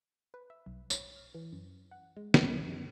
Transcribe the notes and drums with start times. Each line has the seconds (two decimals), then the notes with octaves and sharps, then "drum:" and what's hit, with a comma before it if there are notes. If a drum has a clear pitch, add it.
0.34 B4
0.50 E5
0.66 B1
0.90 C#5, drum: tambourine
1.16 F6
1.35 E3
1.53 F#2
1.91 F#5
2.17 G#3
2.34 C2, drum: snare
2.66 F#2